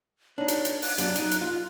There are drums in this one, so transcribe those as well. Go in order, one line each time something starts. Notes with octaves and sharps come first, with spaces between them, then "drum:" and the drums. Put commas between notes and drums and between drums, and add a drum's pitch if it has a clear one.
D4 D#4 C#5
drum: hi-hat
drum: hi-hat
F#6, drum: open hi-hat
F#2 D4, drum: hi-hat
D#4, drum: hi-hat
drum: hi-hat
F4